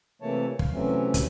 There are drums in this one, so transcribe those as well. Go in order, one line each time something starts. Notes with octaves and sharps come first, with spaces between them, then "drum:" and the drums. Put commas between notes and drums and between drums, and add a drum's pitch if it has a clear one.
C3 E3 A3 A#3 C#5 A5
F5, drum: kick
C3 E3 F#3 A3 C4 C#4
drum: kick, hi-hat